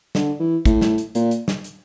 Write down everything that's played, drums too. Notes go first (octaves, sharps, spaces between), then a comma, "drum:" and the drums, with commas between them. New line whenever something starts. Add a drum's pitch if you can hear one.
D3, drum: snare
E3
A2, drum: kick, hi-hat
drum: snare
drum: hi-hat
A#2, drum: hi-hat
drum: hi-hat
drum: snare
drum: hi-hat